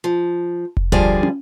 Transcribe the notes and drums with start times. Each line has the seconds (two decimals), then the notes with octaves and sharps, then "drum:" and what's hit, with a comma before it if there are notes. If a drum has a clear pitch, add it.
0.04 F3
0.77 drum: kick F1
0.92 D3 F3 G3 G#4 D5 F5, drum: tom D2
1.23 drum: tom